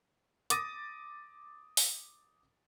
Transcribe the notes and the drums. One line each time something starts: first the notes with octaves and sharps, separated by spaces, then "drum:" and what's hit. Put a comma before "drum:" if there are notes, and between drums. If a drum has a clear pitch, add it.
D6 D#6 A6 A#6 D#7, drum: hi-hat
drum: open hi-hat